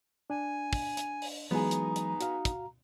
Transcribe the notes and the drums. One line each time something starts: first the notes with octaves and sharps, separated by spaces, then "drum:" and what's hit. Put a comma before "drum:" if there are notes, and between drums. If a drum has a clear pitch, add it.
D4 G#5
drum: kick, open hi-hat
drum: hi-hat
drum: open hi-hat
E3 F#3 G#3 B3 D#4 G#4 A#5
drum: hi-hat
drum: hi-hat
F#4 F5, drum: hi-hat
drum: kick, hi-hat